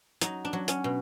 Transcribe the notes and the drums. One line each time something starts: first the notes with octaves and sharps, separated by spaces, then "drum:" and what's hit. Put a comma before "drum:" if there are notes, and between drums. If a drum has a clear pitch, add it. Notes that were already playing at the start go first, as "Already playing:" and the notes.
F#3 D#4, drum: hi-hat
D4
F#3
C#4, drum: hi-hat
B2